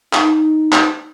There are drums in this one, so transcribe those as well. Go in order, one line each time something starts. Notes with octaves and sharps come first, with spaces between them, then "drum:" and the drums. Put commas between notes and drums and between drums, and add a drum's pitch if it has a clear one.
D#4, drum: clap
drum: clap